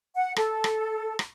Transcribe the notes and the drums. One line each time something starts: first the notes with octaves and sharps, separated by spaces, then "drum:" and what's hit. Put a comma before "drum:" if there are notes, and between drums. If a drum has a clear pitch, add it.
F#5
A4, drum: rim click
drum: rim click
drum: rim click